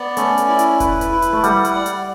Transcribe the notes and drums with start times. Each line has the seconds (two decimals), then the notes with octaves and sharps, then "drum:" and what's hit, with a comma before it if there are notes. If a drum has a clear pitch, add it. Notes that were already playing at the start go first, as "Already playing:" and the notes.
Already playing: B3 D5
0.17 A3 C#4, drum: hi-hat
0.38 drum: hi-hat
0.49 E4
0.59 drum: hi-hat
0.80 B4, drum: kick E1, hi-hat
1.01 drum: hi-hat
1.12 E4
1.22 drum: hi-hat
1.33 A3
1.44 G3 F#5, drum: hi-hat
1.65 drum: hi-hat
1.75 D5
1.86 drum: hi-hat